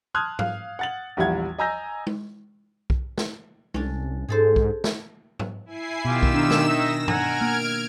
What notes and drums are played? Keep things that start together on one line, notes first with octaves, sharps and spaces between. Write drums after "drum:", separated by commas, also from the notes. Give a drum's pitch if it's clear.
A5 C6 D#6 F6 F#6 G#6
F5, drum: tom
F#5 A6 F#7
A#1 E2 G3 E4 F#5 G#6
D#5 G#5 A#5 E6 G6 A#6
drum: tom G#3
drum: kick B1
drum: snare
C2 C#4 D4, drum: tom G#3
G#2 G#4 A4 C5
drum: kick B1
drum: snare
drum: tom
E4 G#5 C7
B2 D#3 F4 G4 E6 E7
drum: kick B1
D4
drum: snare
D#4 E5 A#6
F#5 G#5 A#5 F6 G#6 D7, drum: tom G2
A#3